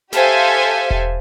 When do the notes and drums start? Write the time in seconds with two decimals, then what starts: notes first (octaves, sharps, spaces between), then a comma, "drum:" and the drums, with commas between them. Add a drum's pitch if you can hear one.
0.13 G4 A4 C5 E5 F5 G#5, drum: snare
0.90 drum: kick E1